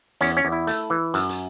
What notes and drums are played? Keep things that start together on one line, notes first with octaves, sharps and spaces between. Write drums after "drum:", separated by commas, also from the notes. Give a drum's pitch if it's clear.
E2 C#4, drum: hi-hat
C#4
E2
E4
A3, drum: hi-hat
E3
F#2, drum: hi-hat
drum: hi-hat